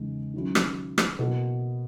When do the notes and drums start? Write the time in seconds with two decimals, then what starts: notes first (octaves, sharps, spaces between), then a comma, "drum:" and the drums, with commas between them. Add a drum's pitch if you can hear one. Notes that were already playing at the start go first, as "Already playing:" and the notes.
Already playing: E2 C#3 G#3 D#4
0.34 D#3 F#3 C#4 E4
0.55 drum: rim click
0.98 drum: rim click
1.19 B2 A#3 E4